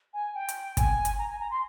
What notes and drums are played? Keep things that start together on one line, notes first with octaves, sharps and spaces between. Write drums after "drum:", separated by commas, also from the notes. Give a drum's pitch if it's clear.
G#5
G5
drum: hi-hat
G#5, drum: kick, hi-hat
drum: hi-hat
A#5
G#5
A#5
C6